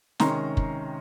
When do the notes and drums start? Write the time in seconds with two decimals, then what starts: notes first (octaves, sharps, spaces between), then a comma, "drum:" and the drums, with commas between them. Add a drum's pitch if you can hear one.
0.20 C3 D#3 G#3 C#4 A#5 C6, drum: snare
0.57 drum: kick